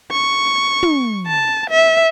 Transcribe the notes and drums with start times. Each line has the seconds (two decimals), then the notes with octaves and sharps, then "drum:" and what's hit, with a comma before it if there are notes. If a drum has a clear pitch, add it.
0.12 C#6
0.83 drum: tom
1.27 A5
1.70 E5